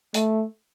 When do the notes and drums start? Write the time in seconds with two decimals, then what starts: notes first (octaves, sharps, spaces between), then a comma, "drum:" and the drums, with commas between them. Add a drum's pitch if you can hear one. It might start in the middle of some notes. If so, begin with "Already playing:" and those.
0.14 A3, drum: hi-hat